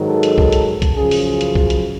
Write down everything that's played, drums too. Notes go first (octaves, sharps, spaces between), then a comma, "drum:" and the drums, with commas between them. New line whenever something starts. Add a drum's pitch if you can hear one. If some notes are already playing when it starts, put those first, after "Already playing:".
Already playing: G#2 D#3 F#3
A4
drum: hi-hat
drum: kick C2
drum: hi-hat
drum: kick C2, hi-hat
F#2 C#3 F3 G#4
drum: open hi-hat
G#4
drum: hi-hat
drum: kick C2
drum: hi-hat